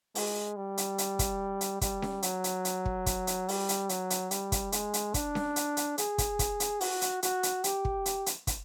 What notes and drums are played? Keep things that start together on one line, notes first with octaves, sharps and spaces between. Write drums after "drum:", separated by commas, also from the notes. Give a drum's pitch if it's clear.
G#3, drum: open hi-hat
G3
drum: hi-hat
drum: hi-hat
drum: kick, hi-hat
drum: hi-hat
G3, drum: kick, hi-hat
drum: snare C#4
F#3, drum: hi-hat
drum: hi-hat
drum: hi-hat
drum: kick
drum: kick, hi-hat
drum: hi-hat
G3, drum: open hi-hat
drum: hi-hat
F#3, drum: hi-hat
drum: hi-hat
G3, drum: hi-hat
drum: kick, hi-hat
G#3, drum: hi-hat
drum: hi-hat
D4, drum: kick, hi-hat
drum: snare C#4
drum: hi-hat
drum: hi-hat
G#4, drum: hi-hat
drum: kick, hi-hat
drum: kick, hi-hat
drum: hi-hat
F#4, drum: open hi-hat
drum: hi-hat
F#4, drum: hi-hat
drum: hi-hat
G4, drum: hi-hat
drum: kick
drum: hi-hat
drum: hi-hat
drum: kick, hi-hat